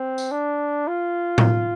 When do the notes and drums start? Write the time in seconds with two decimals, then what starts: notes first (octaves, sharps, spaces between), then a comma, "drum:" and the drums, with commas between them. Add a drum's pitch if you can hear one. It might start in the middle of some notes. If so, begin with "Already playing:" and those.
Already playing: C4
0.18 drum: tambourine
0.32 D4
0.88 F4
1.38 drum: tom A2